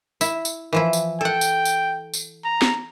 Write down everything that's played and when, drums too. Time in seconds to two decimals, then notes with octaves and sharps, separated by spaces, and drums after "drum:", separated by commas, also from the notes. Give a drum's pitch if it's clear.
0.21 E4, drum: tambourine
0.45 drum: tambourine
0.73 E3 F3 E4
0.93 drum: tambourine
1.21 A4 F#5 G5
1.41 drum: tambourine
1.65 drum: tambourine
2.14 drum: tambourine
2.45 A#5
2.62 drum: snare